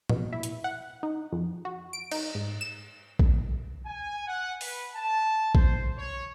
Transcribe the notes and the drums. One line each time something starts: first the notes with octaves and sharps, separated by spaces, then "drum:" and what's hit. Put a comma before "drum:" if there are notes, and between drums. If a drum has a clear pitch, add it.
B2, drum: tom
E4
drum: hi-hat
F#5
D#4
F2
F#4
D7
D#4, drum: cymbal
G#2
E7
drum: kick
G#5
F#5
B4, drum: open hi-hat
A5
C5, drum: kick
C#5